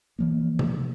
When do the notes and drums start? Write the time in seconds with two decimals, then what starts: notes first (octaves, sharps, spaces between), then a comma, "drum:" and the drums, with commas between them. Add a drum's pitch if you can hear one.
0.19 E3 F3 A#3
0.59 drum: tom C3